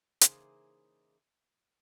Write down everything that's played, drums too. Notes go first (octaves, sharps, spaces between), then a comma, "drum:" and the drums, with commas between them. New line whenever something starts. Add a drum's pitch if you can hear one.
C#3 E3 A#3 D#4 G#4 C5, drum: hi-hat